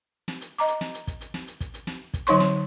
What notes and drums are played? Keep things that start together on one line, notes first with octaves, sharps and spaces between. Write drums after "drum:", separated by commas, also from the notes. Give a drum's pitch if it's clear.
drum: snare
drum: hi-hat
D#5 A#5 D6
drum: hi-hat
drum: snare
drum: hi-hat
drum: kick, hi-hat
drum: hi-hat
drum: snare
drum: hi-hat
drum: kick, hi-hat
drum: hi-hat
drum: snare
drum: kick, hi-hat
D3 F#3 D#4 C#5 C6 C#6, drum: hi-hat
drum: snare